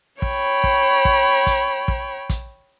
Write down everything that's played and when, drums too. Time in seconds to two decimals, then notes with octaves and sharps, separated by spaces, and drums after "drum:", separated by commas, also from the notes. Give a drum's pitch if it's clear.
0.22 C#5 G5 B5, drum: kick
0.64 drum: kick
1.05 drum: kick
1.47 drum: kick, hi-hat
1.88 drum: kick
2.30 drum: kick, hi-hat